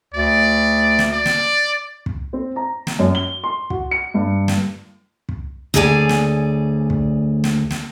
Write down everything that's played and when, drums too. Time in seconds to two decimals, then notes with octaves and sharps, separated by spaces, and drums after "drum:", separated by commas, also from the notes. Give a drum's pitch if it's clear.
0.14 D2 D5
0.99 drum: snare
1.12 D5
1.26 drum: snare
2.06 drum: kick
2.33 C4
2.56 A#5
2.87 drum: snare
2.99 F#2
3.15 G7
3.44 C6
3.70 F#4, drum: kick
3.91 C#7
4.14 G2
4.48 drum: snare
5.29 drum: kick
5.74 D2 G#4 C#5 D5 G5 G#5
6.09 drum: snare
6.90 drum: kick
7.44 drum: snare
7.70 drum: snare